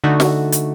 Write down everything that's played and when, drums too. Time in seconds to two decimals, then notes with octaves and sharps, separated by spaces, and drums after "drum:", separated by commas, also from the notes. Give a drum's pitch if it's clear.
0.04 D3 A3 D#4 F#4
0.20 drum: snare
0.52 drum: hi-hat